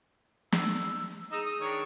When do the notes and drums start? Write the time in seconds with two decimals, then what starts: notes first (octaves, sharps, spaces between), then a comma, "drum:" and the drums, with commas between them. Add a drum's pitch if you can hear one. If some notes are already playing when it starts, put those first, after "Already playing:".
0.52 E6, drum: snare
1.32 D#4 G#4 D#5 E6
1.46 D#6
1.61 D#3 D4 C#5